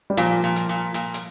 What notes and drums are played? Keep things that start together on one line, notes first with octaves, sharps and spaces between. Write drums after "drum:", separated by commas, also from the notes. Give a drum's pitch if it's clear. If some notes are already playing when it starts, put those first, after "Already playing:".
G3
A#2 F3, drum: hi-hat
A#2
drum: hi-hat
A#2
A#2, drum: hi-hat
drum: hi-hat